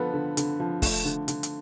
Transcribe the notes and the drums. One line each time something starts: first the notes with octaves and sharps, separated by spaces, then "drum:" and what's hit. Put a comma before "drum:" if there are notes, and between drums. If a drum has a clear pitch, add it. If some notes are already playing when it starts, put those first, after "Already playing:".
Already playing: D3 F3 B3 A4 B4
D3
D3, drum: hi-hat
F3
A3, drum: kick, open hi-hat
D3
D3, drum: hi-hat
drum: hi-hat